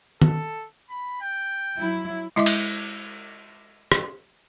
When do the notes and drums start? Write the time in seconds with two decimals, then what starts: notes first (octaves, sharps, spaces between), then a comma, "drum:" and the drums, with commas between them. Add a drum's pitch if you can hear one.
0.22 A4, drum: tom
0.90 B5
1.21 G5
1.77 F#3 E4
2.36 G#3 E4 D#5 E5 D6
2.46 drum: cymbal
3.92 drum: rim click